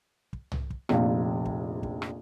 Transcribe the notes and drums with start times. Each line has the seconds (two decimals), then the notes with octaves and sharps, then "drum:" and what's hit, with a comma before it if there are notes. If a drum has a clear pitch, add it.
0.33 drum: kick
0.52 drum: tom C2
0.70 drum: kick
0.89 F1 A#1 D5 F5, drum: rim click
1.45 drum: kick
1.83 drum: kick
2.02 drum: rim click